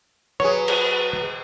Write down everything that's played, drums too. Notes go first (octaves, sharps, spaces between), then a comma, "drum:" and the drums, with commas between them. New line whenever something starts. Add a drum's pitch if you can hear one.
F#3 G#4 B4 C#5
drum: cymbal